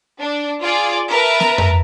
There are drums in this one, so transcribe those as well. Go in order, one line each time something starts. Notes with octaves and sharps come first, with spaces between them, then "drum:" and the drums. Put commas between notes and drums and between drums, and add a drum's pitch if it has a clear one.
D4
F4 G#4 D5
A#4 B4 E5 A5 A#5
drum: snare
drum: tom F2